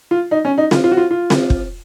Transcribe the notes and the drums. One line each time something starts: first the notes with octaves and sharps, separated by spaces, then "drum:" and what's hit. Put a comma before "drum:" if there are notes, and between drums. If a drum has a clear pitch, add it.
F4
D#4
C#4
D#4
F4, drum: snare C4
F4
F#4
F4
F4
drum: snare C4
drum: kick